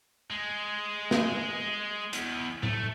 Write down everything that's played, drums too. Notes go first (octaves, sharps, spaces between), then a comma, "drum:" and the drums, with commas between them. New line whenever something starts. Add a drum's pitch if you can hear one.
G#3
drum: snare
E2, drum: hi-hat
A3, drum: tom A2